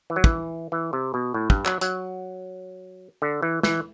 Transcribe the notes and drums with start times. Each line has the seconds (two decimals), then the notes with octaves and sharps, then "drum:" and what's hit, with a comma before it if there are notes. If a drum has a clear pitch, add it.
0.10 E3
0.16 F#3
0.24 E3, drum: kick
0.72 E3
0.93 C3
1.14 B2
1.34 A2
1.50 G2, drum: kick
1.65 F#3, drum: clap
1.81 F#3, drum: hi-hat
3.22 D3
3.42 E3
3.63 E3, drum: snare